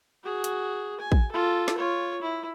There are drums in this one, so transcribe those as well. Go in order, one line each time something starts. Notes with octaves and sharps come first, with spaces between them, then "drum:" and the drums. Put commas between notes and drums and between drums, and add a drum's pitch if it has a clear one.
F#4 G#4
drum: hi-hat
G#5
drum: kick
F4 A4
drum: snare
F4 C#5
E4